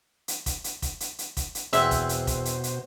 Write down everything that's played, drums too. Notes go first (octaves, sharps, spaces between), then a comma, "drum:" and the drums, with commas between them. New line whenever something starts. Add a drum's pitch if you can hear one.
drum: hi-hat
drum: kick, hi-hat
drum: hi-hat
drum: kick, hi-hat
drum: hi-hat
drum: hi-hat
drum: kick, hi-hat
drum: hi-hat
E2 B2 C4 C5 E5, drum: hi-hat
drum: kick, hi-hat
drum: hi-hat
drum: kick, hi-hat
drum: hi-hat
drum: hi-hat